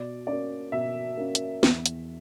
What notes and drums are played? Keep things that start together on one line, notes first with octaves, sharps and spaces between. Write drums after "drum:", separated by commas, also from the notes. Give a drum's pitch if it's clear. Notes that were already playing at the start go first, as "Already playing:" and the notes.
Already playing: B2 D5
A#3 C#4 D5
B2 E5
A#3 C#4
drum: hi-hat
E2, drum: snare
drum: hi-hat